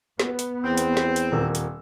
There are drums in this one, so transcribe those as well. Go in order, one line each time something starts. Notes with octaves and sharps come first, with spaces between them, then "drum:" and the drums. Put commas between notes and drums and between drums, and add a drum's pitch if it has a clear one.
B3, drum: snare
drum: hi-hat
E2 C4
drum: hi-hat
drum: snare
drum: hi-hat
D#1 A#4 E6
drum: hi-hat